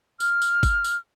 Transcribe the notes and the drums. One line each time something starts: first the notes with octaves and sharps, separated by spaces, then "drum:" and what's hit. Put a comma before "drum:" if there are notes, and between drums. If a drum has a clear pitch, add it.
F6, drum: tambourine
drum: tambourine
drum: kick, tambourine
drum: tambourine